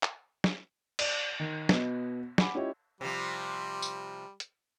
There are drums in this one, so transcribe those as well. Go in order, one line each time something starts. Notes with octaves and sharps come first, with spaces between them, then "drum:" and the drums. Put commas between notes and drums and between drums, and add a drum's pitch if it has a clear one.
drum: clap
drum: snare
D5, drum: cymbal
D#3
B2 B3 D#5, drum: snare
F#5 G#5 B5 D6, drum: snare
C#4 E4 F4 G4 C#5 D#5
C3 F3 G3
drum: tambourine
drum: hi-hat